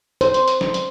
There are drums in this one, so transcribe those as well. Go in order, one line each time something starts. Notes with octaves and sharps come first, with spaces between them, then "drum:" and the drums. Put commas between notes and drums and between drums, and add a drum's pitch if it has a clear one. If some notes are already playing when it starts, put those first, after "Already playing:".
C5, drum: hi-hat
drum: hi-hat
drum: hi-hat
drum: snare
drum: hi-hat